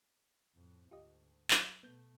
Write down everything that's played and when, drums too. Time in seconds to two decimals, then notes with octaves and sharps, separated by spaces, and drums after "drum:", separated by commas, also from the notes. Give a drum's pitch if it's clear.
0.55 F2 A2
0.91 D2 G#2 F4 G4 D#5
1.51 F#3 G#4, drum: clap
1.83 B2 A3 B3 G6